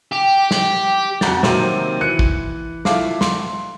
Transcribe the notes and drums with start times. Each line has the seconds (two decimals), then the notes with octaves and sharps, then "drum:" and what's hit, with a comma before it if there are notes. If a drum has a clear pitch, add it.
0.12 G4
0.51 drum: snare
1.21 F2 F#4 F#5 A#5 G6 A6, drum: snare
1.43 C3 D#3 F#3 A#3 C4, drum: snare
2.01 E3 F#6 C#7 D#7
2.19 drum: kick
2.85 E4 F4 A4 F5 D6, drum: snare
3.21 C6, drum: snare